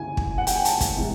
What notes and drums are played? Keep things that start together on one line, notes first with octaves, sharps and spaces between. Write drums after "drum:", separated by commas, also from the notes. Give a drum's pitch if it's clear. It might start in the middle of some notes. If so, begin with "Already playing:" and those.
Already playing: D2 C#3 E3 G#5
drum: kick
F#5
G5, drum: hi-hat
G#5
A5, drum: hi-hat
drum: kick, hi-hat
C3 E3 G#3